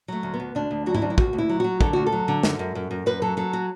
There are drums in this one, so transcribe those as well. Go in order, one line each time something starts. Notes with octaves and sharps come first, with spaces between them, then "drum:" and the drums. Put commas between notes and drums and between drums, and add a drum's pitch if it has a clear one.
F#3 A3
D2
B3
D2
D2 D4
D2
F#3 F#4
E4, drum: tom G#2
D2 D4
E4
D2 F#4, drum: kick
D2
E4
F#3
F#3 F#4
D3 A4, drum: kick
D2 F#4
A4
F#3
D3
F#2, drum: snare
F#2
F#2
F#2
F#2 B4
F#3 A4
F#3 A4
F#4